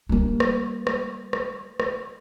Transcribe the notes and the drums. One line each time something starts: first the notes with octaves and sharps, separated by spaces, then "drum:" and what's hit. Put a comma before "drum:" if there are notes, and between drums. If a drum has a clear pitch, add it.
G3 A#3
drum: rim click
drum: rim click
drum: rim click
drum: rim click